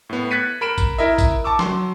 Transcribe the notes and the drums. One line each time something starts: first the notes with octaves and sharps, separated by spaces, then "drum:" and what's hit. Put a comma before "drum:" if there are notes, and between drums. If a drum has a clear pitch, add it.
A2 B3
F#6 G#6 A6 B6 C#7 D#7
A#4 B5 D7 E7
drum: kick, tambourine
E4 A#4 D#5 E5
drum: kick, tambourine
A5 C#6 D6 E6
F#3 C6, drum: snare